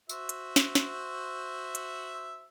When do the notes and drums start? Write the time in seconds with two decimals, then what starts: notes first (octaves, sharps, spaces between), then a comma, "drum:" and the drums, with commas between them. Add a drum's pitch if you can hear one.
0.09 F#4 C5 E5, drum: tambourine
0.29 drum: hi-hat
0.56 drum: snare
0.75 drum: snare
1.75 drum: hi-hat